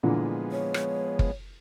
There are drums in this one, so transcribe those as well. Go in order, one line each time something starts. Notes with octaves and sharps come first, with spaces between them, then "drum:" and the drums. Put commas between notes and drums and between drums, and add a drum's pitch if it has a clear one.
A#2 D3 E3 F3 G#3 B3
C#5
drum: rim click
drum: kick